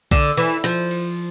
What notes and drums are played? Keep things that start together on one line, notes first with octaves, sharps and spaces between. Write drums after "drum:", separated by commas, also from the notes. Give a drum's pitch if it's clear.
D3, drum: kick B1, cymbal
E3, drum: cymbal
F3, drum: snare
drum: cymbal